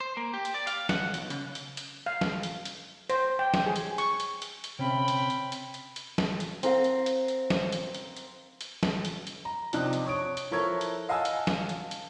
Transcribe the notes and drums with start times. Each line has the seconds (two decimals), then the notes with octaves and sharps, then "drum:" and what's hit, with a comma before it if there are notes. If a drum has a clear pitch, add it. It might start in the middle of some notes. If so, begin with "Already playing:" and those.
0.01 C5
0.17 A#3
0.34 G4
0.45 drum: hi-hat
0.54 D5
0.67 F5, drum: hi-hat
0.89 F#5, drum: snare
1.14 B1, drum: hi-hat
1.30 C#3, drum: hi-hat
1.55 drum: hi-hat
1.77 drum: hi-hat
2.06 F5
2.21 drum: snare
2.43 drum: hi-hat
2.65 drum: hi-hat
3.10 C5, drum: hi-hat
3.39 G5
3.54 drum: snare
3.66 G#4
3.76 drum: hi-hat
3.98 C#6, drum: hi-hat
4.20 drum: hi-hat
4.42 drum: hi-hat
4.64 drum: hi-hat
4.79 C3 C4 C#4 G5 B5
5.08 drum: hi-hat
5.30 drum: hi-hat
5.52 drum: hi-hat
5.74 drum: hi-hat
5.96 drum: hi-hat
6.18 drum: snare
6.40 drum: hi-hat
6.63 C4 A#4 F5 F#5, drum: hi-hat
6.84 drum: hi-hat
7.06 drum: hi-hat
7.28 drum: hi-hat
7.50 drum: snare
7.72 drum: hi-hat
7.94 drum: hi-hat
8.17 drum: hi-hat
8.61 drum: hi-hat
8.83 drum: snare
9.05 drum: hi-hat
9.27 drum: hi-hat
9.45 A#5
9.73 C3 F3 D4 D#4 F#6, drum: hi-hat
9.93 drum: hi-hat
10.06 C#5 D#6 D7
10.37 drum: hi-hat
10.51 F3 E4 A4 A#4 C#5 G#6
10.81 drum: hi-hat
11.09 D#5 F5 F#5 G#5 A5 E6
11.25 drum: hi-hat
11.47 drum: snare
11.69 drum: hi-hat
11.91 drum: hi-hat